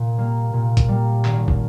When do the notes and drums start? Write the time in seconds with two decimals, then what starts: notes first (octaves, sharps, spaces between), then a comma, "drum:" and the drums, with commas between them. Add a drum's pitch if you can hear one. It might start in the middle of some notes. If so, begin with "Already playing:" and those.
Already playing: A#2
0.18 G3 A#3
0.53 A#2
0.77 drum: kick, hi-hat
0.89 G3 A#3
1.25 G#1, drum: clap
1.48 drum: kick